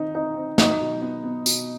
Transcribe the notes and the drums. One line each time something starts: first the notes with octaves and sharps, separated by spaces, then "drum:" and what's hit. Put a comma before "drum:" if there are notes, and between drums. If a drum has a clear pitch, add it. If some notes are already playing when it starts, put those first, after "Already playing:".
Already playing: D#3 C4 D#4
C4 D#4
C4
F#3 D#4, drum: snare
B2
B3
B3
B2, drum: tambourine